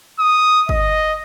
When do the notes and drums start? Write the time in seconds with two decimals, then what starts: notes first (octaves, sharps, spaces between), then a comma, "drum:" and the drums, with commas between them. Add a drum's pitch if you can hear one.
0.19 D#6
0.69 D#5, drum: kick